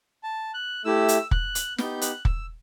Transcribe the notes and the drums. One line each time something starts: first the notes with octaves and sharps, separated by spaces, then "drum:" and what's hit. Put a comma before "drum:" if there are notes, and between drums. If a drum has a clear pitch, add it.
A5
F#6
A3 E4 G4 E6
drum: hi-hat
F#6, drum: kick
drum: hi-hat
B3 D#4 G4 G6, drum: snare
F#6, drum: hi-hat
E6, drum: kick